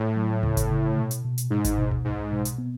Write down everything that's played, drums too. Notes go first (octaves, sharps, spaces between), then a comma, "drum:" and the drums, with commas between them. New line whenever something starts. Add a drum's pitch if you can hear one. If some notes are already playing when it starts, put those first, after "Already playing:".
Already playing: A2
F#3
C#3, drum: tom D2
drum: kick G1, hi-hat
C#3
B2
drum: hi-hat
B2
drum: hi-hat
G#2 D#4
drum: kick G1, hi-hat
B2
drum: tom D2
B1 G#2
B2
drum: hi-hat
B3